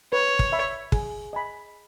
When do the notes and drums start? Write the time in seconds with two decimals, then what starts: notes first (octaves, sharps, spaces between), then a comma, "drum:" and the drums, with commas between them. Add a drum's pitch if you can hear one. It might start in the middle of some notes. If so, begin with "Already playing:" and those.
0.12 B4 C#5
0.39 drum: kick
0.52 E5 B5
0.92 G#4, drum: kick
1.33 D#5 G#5 B5